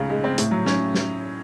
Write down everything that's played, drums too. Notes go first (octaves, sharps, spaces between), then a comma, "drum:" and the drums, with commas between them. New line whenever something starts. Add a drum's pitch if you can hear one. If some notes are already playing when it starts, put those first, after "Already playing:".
Already playing: C#2 C#3
G#3
C4
A2, drum: hi-hat
F#3
C#4, drum: snare
drum: snare